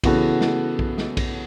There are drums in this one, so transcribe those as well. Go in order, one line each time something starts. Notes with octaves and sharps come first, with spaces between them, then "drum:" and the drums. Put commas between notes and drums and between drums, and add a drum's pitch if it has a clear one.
C#3 E3 B3 F#4 A4, drum: kick, cymbal
drum: snare
drum: kick
drum: snare
drum: kick, cymbal